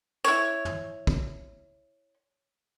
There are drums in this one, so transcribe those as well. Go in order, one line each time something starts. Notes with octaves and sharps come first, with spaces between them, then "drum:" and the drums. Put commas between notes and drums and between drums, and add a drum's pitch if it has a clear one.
E4 C#5, drum: tambourine
drum: tom
drum: kick